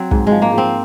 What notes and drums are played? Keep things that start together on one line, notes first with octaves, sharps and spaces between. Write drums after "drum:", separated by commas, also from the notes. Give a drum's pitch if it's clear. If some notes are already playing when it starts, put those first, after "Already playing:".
Already playing: F#3 C4
G#2, drum: kick
F3 G#3
A#3
F3
C4